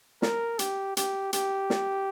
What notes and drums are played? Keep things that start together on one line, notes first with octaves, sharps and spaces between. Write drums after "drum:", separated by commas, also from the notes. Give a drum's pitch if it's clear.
A#4, drum: snare
G4, drum: hi-hat
G4, drum: hi-hat
G4, drum: hi-hat
drum: snare